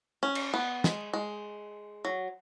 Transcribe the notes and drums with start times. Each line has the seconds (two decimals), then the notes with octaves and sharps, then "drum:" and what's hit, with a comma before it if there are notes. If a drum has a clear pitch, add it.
0.23 C#4
0.35 drum: cymbal
0.54 B3
0.84 G#3, drum: snare
1.13 G#3
2.05 F#3